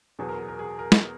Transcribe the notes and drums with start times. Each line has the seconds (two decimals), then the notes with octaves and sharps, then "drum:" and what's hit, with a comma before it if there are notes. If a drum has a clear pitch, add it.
0.19 E2 B2 F#3 G#4
0.29 A#4
0.39 G#4
0.48 A#4
0.59 G#4
0.79 A#4
0.92 drum: snare